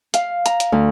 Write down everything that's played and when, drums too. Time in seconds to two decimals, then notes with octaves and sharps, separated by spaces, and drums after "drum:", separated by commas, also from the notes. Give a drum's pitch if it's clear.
0.14 F5, drum: hi-hat
0.46 A#5, drum: hi-hat
0.60 drum: hi-hat
0.72 D2